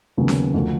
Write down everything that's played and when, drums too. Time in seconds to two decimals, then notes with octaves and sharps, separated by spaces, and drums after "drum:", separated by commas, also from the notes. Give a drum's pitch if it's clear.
0.17 D#2 C#3 F#3 B3
0.28 drum: snare C#4
0.54 D2 D3 F3 A3